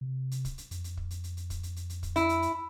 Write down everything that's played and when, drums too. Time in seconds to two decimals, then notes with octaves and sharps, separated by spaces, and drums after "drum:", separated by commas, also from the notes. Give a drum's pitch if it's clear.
0.01 C3
0.31 drum: hi-hat
0.45 drum: kick, hi-hat
0.58 drum: hi-hat
0.71 F2, drum: hi-hat
0.84 drum: hi-hat
0.97 drum: kick
1.11 drum: hi-hat
1.24 drum: hi-hat
1.37 drum: hi-hat
1.50 drum: kick, hi-hat
1.63 drum: hi-hat
1.76 drum: hi-hat
1.90 drum: hi-hat
2.03 drum: kick, hi-hat
2.16 E4, drum: hi-hat
2.29 drum: hi-hat
2.42 drum: hi-hat